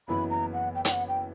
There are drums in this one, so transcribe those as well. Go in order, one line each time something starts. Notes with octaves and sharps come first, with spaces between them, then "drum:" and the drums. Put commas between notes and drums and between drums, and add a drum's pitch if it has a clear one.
F#1 F#2 E3 B3 E4 B5
A#5
F#5
G5
G5, drum: hi-hat
F#5
G5